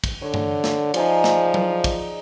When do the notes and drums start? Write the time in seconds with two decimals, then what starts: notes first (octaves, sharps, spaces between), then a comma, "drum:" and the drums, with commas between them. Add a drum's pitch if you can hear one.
0.04 drum: kick, cymbal
0.22 D3 C#5
0.34 drum: tom G2
0.64 drum: snare
0.94 F3 D#4 G#4 D5, drum: cymbal
1.24 drum: snare
1.54 drum: tom F#3
1.84 drum: kick, cymbal